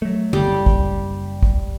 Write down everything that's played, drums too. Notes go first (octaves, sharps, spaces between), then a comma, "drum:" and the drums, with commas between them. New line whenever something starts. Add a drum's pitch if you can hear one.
F#3 A3
F#1 G3, drum: tom D3
drum: kick
drum: kick